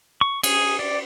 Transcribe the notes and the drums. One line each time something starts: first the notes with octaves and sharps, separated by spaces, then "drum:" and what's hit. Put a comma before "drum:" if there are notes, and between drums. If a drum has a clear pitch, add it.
C#6
G#4, drum: cymbal
D5